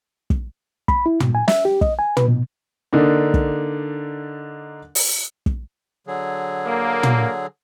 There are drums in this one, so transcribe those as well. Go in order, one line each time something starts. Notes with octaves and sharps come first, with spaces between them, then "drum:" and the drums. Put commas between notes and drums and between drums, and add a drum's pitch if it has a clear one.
drum: kick
B5, drum: kick
E4
G#2, drum: tom
G#5
E5, drum: snare
G4
D#5, drum: kick
G#5
B4, drum: tom
B2
D3 A#3 D4 D#4
drum: kick
drum: open hi-hat
drum: kick
D3 F#3 G#4
A#3
drum: tom